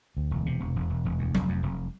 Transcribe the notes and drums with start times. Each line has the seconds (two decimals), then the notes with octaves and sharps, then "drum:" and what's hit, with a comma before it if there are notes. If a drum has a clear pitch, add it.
0.17 D2
0.31 E1
0.46 C3
0.60 E1
0.76 E1
0.90 E1
1.05 E1
1.19 D2
1.35 F1, drum: tom F#3
1.49 F2
1.63 F1